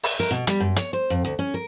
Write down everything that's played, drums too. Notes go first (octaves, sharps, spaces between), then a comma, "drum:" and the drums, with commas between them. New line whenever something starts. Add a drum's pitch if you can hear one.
drum: open hi-hat
A#4
B2
G3, drum: hi-hat
F#2
C#5, drum: hi-hat
C5
F2
D2
C#4
A#4